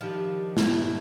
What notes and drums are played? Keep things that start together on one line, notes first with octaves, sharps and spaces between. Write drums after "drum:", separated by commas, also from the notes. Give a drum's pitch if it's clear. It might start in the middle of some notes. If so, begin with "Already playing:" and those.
D#3 F3 G3 D4 G4
E2 G2 A#2, drum: snare